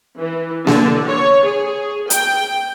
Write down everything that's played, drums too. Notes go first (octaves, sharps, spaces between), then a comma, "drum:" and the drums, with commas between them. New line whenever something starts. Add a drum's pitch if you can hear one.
E3
D3, drum: snare A#3
C#5
G#4
G5, drum: hi-hat